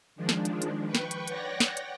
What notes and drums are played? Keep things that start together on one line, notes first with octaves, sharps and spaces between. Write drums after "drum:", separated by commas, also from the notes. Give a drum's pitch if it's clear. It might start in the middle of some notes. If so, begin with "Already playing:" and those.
D#3 F3 G#3 D4
drum: snare
drum: hi-hat
drum: hi-hat
B4 G5 C#6
drum: snare
drum: hi-hat
C#5 D5 F#5 G5 A#6, drum: hi-hat
drum: snare
drum: hi-hat